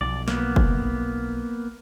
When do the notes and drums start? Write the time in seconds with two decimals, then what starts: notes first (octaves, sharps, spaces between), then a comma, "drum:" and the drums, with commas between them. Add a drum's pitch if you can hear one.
0.01 B1 F3 D5
0.28 A#3 B3, drum: snare
0.56 drum: kick